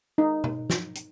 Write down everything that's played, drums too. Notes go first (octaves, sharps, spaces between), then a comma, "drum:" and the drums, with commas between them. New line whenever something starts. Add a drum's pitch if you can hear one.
D#4
drum: tom B2
drum: snare
drum: hi-hat